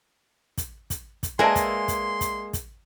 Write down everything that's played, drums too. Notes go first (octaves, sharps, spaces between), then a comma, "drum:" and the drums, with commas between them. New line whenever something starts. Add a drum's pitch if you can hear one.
drum: kick, hi-hat
drum: kick, hi-hat
drum: kick, hi-hat
G#3 A#3 B4 D5 E5 G#5 A5 C6
drum: kick, hi-hat
drum: kick, hi-hat
drum: kick, hi-hat
drum: kick, hi-hat